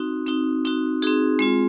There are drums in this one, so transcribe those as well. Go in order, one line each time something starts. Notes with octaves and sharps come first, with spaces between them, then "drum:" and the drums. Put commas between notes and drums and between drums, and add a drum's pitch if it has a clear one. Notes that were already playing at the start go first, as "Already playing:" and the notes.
Already playing: C4 D#4 F#4
C4 D#4 F#4, drum: hi-hat
C4 D#4 F#4, drum: hi-hat
C4 D#4 F#4 G#4, drum: hi-hat
G#3 C4 F4, drum: open hi-hat